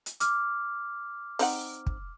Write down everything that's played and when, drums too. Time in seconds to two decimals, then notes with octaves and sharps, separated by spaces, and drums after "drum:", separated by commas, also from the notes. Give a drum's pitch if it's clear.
0.06 drum: hi-hat
0.20 D6 F6, drum: hi-hat
1.39 C4 D#4 F#5, drum: open hi-hat
1.87 drum: kick